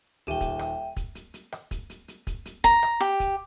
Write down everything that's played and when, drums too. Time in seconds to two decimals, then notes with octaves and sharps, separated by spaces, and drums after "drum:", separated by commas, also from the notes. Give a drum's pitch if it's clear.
0.27 D#1 G4 E5 G5 D#7
0.41 drum: kick, hi-hat
0.59 drum: rim click
0.97 drum: kick, hi-hat
1.15 drum: hi-hat
1.34 drum: hi-hat
1.52 drum: rim click
1.71 drum: kick, hi-hat
1.90 drum: hi-hat
2.08 drum: hi-hat
2.27 drum: kick, hi-hat
2.45 drum: hi-hat
2.64 A#5, drum: kick, hi-hat
2.83 drum: rim click
3.01 G4
3.20 drum: kick, hi-hat